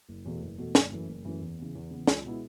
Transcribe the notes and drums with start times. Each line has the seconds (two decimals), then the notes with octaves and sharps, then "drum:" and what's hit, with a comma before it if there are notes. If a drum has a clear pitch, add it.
0.09 F#1
0.25 E2 B2 A3
0.42 F#1
0.58 E2 B2 A3
0.75 F#1, drum: snare
0.91 F#2 E3 A3 C#4
1.09 F#1
1.24 F#2 E3 A3 C#4
1.41 E2
1.58 C#3 E3 B3
1.75 E2
1.91 C#3 E3 B3
2.07 C#2, drum: snare
2.24 B2 G#3 B3 E4